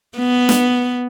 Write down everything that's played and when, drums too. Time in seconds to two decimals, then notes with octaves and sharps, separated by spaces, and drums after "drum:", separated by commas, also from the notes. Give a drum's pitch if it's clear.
0.17 B3
0.49 drum: snare